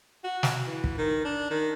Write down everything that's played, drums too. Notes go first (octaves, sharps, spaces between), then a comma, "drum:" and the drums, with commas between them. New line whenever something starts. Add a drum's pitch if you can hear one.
F#4
drum: snare
E3
drum: kick
D#3
D4
D#3